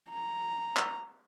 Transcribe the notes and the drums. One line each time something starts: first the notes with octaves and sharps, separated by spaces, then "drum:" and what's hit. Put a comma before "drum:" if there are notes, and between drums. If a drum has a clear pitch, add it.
A#5
drum: clap